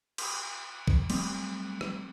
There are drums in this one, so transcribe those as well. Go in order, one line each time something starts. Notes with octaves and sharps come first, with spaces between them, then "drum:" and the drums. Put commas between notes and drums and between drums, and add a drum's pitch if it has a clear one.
drum: cymbal
drum: kick B1
F#3 G3 A3 C4, drum: cymbal
drum: rim click